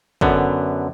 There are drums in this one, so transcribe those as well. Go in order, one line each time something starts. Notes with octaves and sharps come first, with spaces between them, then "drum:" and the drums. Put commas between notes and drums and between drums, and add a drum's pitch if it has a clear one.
F#2 D3 B3, drum: kick